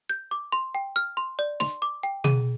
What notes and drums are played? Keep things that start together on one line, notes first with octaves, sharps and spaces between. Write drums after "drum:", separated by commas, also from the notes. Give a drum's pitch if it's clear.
G6
D6
C6
G5
F6
C6
D5
C6, drum: snare
D6
G5
G#4, drum: tom